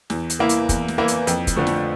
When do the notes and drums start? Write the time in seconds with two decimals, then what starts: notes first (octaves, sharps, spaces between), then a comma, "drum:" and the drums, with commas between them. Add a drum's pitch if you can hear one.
0.10 E2, drum: snare
0.30 drum: hi-hat
0.39 E3 A#3 E4
0.49 drum: hi-hat
0.69 E2, drum: kick, hi-hat
0.88 drum: snare
0.98 E3 A#3 E4
1.08 drum: hi-hat
1.27 F2, drum: hi-hat
1.47 drum: kick, hi-hat
1.56 D3 F3 A3
1.67 drum: snare